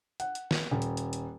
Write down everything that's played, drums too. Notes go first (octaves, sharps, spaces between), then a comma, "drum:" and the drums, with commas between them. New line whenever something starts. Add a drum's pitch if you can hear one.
F#5, drum: hi-hat
drum: hi-hat
drum: snare
D#1
drum: hi-hat
drum: hi-hat
drum: hi-hat